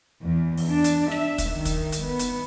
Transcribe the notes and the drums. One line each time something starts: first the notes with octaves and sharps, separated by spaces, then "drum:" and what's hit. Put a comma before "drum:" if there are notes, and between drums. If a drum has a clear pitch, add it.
E2
drum: open hi-hat
D4
drum: hi-hat
E5, drum: snare
drum: kick, hi-hat
D#3
drum: kick, hi-hat
drum: hi-hat
B3
drum: hi-hat